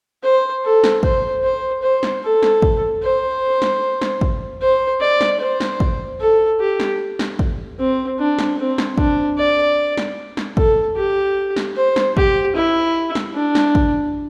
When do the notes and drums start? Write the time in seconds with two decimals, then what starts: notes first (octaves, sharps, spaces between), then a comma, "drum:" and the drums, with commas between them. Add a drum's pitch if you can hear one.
0.23 C5
0.64 A4
0.84 drum: snare
1.03 C5, drum: kick
1.44 C5
1.82 C5
2.03 drum: snare
2.23 A4
2.43 drum: snare
2.62 drum: kick
3.03 C5
3.62 drum: snare
4.01 drum: snare
4.21 drum: kick
4.61 C5
5.01 D5
5.21 drum: snare
5.40 C5
5.60 drum: snare
5.80 drum: kick
6.20 A4
6.60 G4
6.80 drum: snare
7.19 drum: snare
7.39 drum: kick
7.79 C4
8.19 D4
8.39 drum: snare
8.58 C4
8.78 drum: snare
8.98 D4, drum: kick
9.38 D5
9.97 drum: snare
10.37 drum: snare
10.57 A4, drum: kick
10.97 G4
11.56 drum: snare
11.76 C5
11.96 drum: snare
12.17 G4, drum: kick
12.56 E4
13.15 drum: snare
13.35 D4
13.55 drum: snare
13.75 drum: kick